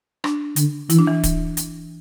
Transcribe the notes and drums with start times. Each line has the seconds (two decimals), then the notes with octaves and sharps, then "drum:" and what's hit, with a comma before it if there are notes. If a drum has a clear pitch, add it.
0.24 D4, drum: rim click
0.56 D3, drum: hi-hat
0.90 E3 E4, drum: hi-hat
0.99 D4
1.07 E3
1.24 drum: kick, hi-hat
1.57 drum: hi-hat